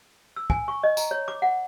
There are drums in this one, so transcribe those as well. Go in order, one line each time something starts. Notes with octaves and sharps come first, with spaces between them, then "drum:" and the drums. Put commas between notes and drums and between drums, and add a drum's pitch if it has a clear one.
E6
G#5, drum: kick
C#6
D#5
A#5, drum: tambourine
C#5
D6
F#5